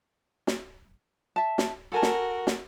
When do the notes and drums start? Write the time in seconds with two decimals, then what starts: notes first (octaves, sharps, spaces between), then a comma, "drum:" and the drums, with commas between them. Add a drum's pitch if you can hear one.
0.47 drum: snare
1.36 E5 A5
1.58 drum: snare
1.92 F#4 A4 A#4 G#5 A5
2.02 drum: snare
2.47 drum: snare